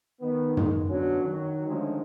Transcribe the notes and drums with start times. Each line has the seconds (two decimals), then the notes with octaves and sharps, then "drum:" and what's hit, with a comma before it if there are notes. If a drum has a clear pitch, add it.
0.21 D#3 B3
0.57 D#3 G#3, drum: tom
0.88 B2 D3 F#3 C#4
1.22 D#3 F#3
1.66 D3 D#3 F3 G#3 A3 C#4